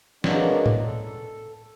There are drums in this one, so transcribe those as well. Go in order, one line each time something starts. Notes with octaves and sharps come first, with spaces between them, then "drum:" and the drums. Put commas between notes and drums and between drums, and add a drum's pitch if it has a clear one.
F#3 G#3 A#3 B3 D4 F#4, drum: snare
drum: tom
A4